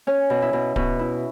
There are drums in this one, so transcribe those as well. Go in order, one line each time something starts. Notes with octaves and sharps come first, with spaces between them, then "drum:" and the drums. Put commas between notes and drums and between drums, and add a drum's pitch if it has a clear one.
C#4 C#5
B2
E4
B2
B2 F#4, drum: kick D1
E4